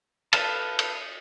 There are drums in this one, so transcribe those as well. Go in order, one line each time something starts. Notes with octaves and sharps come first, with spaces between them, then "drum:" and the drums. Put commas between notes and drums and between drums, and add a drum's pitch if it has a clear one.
A4 B4 F5 A5, drum: cymbal
drum: cymbal